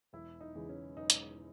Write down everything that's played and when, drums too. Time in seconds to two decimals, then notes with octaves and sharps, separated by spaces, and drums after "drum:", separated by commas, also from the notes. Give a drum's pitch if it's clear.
0.13 E1 E4
0.41 D#4
0.55 E2 C#3 E3 G#3
0.69 C#4
0.97 E1 D#4
1.10 drum: hi-hat